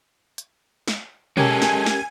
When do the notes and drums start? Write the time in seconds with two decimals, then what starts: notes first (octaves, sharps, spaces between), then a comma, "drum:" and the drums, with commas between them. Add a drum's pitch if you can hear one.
0.38 drum: hi-hat
0.88 drum: snare
1.37 G#3 C#4 G4 A4 A#4 G#5, drum: tom B2
1.62 drum: snare
1.86 drum: snare